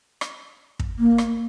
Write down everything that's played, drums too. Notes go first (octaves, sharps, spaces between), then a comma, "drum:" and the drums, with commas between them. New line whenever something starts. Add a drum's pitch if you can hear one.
drum: rim click
drum: kick
A#3
drum: rim click